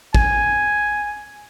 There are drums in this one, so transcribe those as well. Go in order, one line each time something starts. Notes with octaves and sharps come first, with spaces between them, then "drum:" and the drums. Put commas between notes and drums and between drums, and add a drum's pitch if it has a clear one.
G#5, drum: kick A1